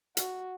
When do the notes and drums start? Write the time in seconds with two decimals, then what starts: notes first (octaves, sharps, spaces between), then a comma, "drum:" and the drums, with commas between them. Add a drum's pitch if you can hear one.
0.17 F#4, drum: hi-hat